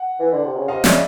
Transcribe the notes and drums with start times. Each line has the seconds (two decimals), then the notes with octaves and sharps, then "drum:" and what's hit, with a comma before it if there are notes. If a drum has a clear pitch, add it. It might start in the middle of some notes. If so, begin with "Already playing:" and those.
Already playing: F#5
0.20 E3
0.33 D3
0.44 C3
0.56 C#3
0.68 C3 D#5 F5
0.84 C#3 D5 E5, drum: snare